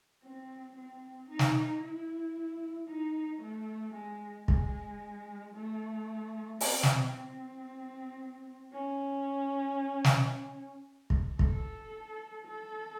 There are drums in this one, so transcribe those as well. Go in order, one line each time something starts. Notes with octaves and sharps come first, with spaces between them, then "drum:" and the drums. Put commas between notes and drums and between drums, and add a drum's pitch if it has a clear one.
C4
C4
D#4
drum: snare
E4
D#4
A3
G#3
G#3, drum: kick
A3
C4, drum: open hi-hat
drum: snare
C4
C#4
drum: snare
drum: kick
A4, drum: kick
A4